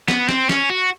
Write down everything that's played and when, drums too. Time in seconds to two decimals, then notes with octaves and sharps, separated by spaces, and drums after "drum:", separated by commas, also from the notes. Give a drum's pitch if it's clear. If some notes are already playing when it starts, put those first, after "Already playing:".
0.08 B3, drum: snare
0.29 C4, drum: snare
0.49 C#4, drum: snare
0.70 F#4